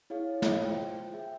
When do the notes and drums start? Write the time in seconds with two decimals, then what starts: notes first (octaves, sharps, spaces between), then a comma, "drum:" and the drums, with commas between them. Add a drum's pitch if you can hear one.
0.10 E4 G#4 C#5 F5
0.42 drum: snare
0.61 F4 C5 G5
1.14 G#4 E5 G5